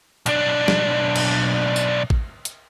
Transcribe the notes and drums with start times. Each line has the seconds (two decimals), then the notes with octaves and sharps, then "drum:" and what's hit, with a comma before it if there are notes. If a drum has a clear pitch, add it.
0.26 B1 D4, drum: hi-hat
0.68 drum: snare
1.16 drum: cymbal
1.76 drum: tambourine
2.10 drum: kick A1
2.45 drum: hi-hat